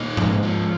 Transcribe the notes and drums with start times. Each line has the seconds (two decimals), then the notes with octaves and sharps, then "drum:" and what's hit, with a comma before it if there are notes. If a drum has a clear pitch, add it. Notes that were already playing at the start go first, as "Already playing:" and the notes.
Already playing: A#2 D#4
0.17 G#2, drum: tom G#2
0.43 F3